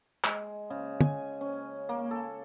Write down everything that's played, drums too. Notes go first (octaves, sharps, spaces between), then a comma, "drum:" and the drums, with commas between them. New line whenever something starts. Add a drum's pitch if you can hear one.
G#3, drum: clap
C#3
G#5, drum: tom
C#4
A#3
A4